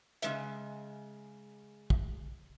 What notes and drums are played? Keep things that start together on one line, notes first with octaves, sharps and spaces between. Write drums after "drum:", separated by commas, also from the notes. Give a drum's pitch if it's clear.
C#3 G#3 E5, drum: hi-hat
drum: kick